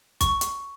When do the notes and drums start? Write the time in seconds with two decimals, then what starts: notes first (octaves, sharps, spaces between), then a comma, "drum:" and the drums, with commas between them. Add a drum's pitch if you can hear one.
0.21 C#6, drum: kick, hi-hat
0.41 drum: hi-hat